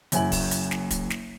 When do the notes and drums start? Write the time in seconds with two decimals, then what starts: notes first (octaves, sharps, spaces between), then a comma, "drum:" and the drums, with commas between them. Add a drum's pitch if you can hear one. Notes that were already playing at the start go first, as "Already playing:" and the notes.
0.12 F#1 F#2 E4 G#5 F#7, drum: hi-hat
0.32 drum: kick, open hi-hat
0.51 drum: hi-hat
0.71 drum: snare
0.91 drum: kick, hi-hat
1.10 drum: snare